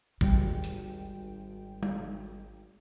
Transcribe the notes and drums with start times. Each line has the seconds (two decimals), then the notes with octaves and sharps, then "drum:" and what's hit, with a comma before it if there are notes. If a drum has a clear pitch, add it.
0.21 G#1 G3 G5, drum: kick
0.64 drum: hi-hat
1.83 drum: tom G3